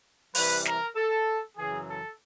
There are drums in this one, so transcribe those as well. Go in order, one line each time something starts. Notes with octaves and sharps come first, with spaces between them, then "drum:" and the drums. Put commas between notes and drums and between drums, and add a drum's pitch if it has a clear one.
C3 E3 G3 B4, drum: open hi-hat
A#4, drum: snare
A4
F#2 C#3 E3 G#4
A4